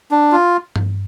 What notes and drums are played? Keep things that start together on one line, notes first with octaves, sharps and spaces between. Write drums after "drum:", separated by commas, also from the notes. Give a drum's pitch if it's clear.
D4
F4
drum: tom G2